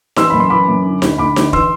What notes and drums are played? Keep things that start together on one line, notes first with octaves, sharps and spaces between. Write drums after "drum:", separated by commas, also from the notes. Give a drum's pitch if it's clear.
E3 C6 E6, drum: snare D#4
F#2 B5
C6
E3 B5 D6
F#2
D3
D2, drum: snare D#4
D2 B5 D6
D3, drum: snare D#4
E3 C6 E6, drum: kick